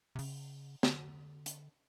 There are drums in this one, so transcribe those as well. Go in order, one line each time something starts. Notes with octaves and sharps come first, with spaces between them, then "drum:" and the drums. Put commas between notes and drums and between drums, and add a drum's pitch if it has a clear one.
C3
C#3, drum: open hi-hat
D3, drum: snare
drum: hi-hat